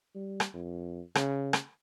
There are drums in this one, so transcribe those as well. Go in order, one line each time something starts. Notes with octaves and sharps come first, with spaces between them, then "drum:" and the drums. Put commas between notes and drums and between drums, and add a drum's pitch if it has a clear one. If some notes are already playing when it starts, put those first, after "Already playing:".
G3
drum: rim click
F2
C#3, drum: rim click
drum: rim click